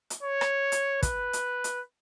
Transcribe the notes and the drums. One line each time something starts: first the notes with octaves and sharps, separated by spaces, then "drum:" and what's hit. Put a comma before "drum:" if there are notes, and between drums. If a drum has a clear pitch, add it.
drum: hi-hat
C#5
drum: rim click
drum: hi-hat
B4, drum: kick, hi-hat
drum: hi-hat
drum: hi-hat